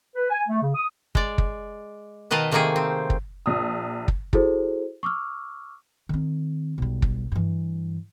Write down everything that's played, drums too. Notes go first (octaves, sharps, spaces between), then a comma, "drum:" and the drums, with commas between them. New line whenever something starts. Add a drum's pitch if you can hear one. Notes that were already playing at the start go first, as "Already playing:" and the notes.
B4
G#5
A3
C#3
D#6
G#3 D5, drum: kick
drum: kick
B2 D#3 B4 D#5 F5 A5
C3 D#3 A3 A#3 D#4 G#4
C4
drum: kick
A#1 D#6
drum: kick
E4 F#4 G#4 A4 C5, drum: kick
C#6 D6 E6 F6
D#3 C4
B1 G3
drum: kick
G2 E3